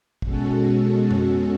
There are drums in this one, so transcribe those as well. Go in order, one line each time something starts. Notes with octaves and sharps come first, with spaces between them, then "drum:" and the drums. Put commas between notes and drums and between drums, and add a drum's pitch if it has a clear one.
B2 G#3 C#4 F#4 A4, drum: kick
drum: tom F2